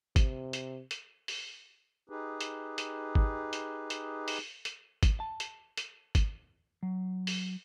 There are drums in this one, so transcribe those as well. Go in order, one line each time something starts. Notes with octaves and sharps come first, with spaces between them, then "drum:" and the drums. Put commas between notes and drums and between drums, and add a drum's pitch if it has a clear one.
C3, drum: kick G#1, hi-hat
drum: hi-hat
drum: hi-hat
drum: open hi-hat
D#4 G4 G#4 B4
drum: hi-hat
drum: hi-hat
drum: kick G#1
drum: hi-hat
drum: hi-hat
drum: open hi-hat
drum: hi-hat
drum: kick G#1, hi-hat
A5
drum: hi-hat
drum: hi-hat
drum: kick G#1, hi-hat
F#3
drum: open hi-hat